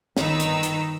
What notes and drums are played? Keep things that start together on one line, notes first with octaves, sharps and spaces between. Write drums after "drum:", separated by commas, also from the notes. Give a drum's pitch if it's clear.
G1 D#3 D#4 B4 A#5 E6, drum: snare
drum: hi-hat
drum: hi-hat